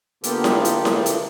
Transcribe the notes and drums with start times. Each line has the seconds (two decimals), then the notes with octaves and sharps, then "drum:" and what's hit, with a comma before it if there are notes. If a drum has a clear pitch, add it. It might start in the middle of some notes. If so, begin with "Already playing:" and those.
0.24 D3 A#3 B3 F4 G4 A4, drum: hi-hat
0.44 drum: snare E4
0.65 drum: hi-hat
0.85 drum: snare E4
1.06 drum: hi-hat